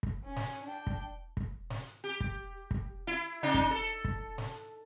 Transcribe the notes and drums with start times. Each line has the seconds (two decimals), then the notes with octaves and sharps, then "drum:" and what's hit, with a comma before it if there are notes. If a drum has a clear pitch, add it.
0.03 drum: kick
0.24 C#4
0.36 drum: snare
0.64 D4 G5
0.87 drum: kick
1.37 drum: kick
1.70 drum: snare
2.04 G4
2.20 drum: kick
2.71 drum: kick
3.07 E4
3.43 C3 D4 D#4
3.54 drum: kick
3.71 A4
4.05 drum: kick
4.38 drum: snare